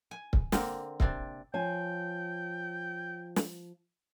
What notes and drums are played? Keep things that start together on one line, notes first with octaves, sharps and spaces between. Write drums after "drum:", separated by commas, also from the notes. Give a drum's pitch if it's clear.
G#5
drum: kick C#1
D3 A#3 C4, drum: snare
C3 C4 D4, drum: kick C#1
F3 C#5 G5 G#5
drum: snare